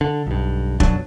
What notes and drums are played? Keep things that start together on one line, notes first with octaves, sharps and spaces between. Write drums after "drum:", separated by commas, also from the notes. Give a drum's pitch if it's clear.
D3
B1 G2
F2 B2 F#3 D4, drum: kick